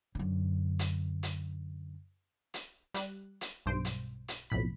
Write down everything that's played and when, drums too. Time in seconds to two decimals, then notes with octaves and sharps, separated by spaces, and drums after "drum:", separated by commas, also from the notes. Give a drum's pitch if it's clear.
0.15 F#2 D3
0.79 drum: hi-hat
1.23 drum: hi-hat
2.54 drum: hi-hat
2.94 G3 F#6, drum: hi-hat
3.41 drum: hi-hat
3.66 B1 G2 C5 D7
3.85 drum: hi-hat
4.28 drum: hi-hat
4.50 B1 F2 A2 B5